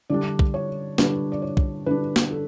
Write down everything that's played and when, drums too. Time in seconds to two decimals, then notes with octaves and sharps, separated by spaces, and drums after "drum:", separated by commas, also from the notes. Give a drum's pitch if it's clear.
0.10 D3 G3 D4 D5
0.39 drum: kick B1
0.54 C#5
0.98 D3 G3 D4 B4, drum: snare
1.32 D5
1.42 C#5
1.57 drum: kick B1
1.86 D3 G3 D4 B4
2.16 drum: snare
2.31 A4